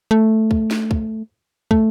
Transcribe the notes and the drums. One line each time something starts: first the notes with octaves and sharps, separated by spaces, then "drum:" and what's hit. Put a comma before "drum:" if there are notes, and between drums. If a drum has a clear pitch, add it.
A3
drum: kick
drum: snare
drum: kick
A3, drum: kick